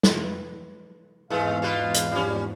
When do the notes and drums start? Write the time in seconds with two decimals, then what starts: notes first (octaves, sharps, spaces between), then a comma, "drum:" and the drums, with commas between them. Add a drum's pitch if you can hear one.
0.03 drum: snare
0.22 B4
1.30 E2 G#2 E3 G#3 A3 C4 G#4 F5
1.62 B2 F4 B4
1.94 drum: hi-hat
2.11 F3 G3 A#3 C#4 D4